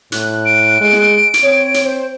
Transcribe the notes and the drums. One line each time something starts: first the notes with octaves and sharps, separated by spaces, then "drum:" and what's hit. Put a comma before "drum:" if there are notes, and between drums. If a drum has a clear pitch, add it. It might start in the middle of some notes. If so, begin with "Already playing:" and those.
A2 F#6, drum: hi-hat
D7
G#3
drum: snare
drum: hi-hat
C4 C#5
drum: hi-hat
C5